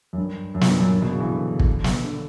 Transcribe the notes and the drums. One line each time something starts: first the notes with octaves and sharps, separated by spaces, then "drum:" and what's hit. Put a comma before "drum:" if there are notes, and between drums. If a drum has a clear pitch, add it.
F#2
G2
F#2
A#2, drum: snare
G2
F#2
G2
B2
C#3
E3
D3
drum: kick
drum: snare
D3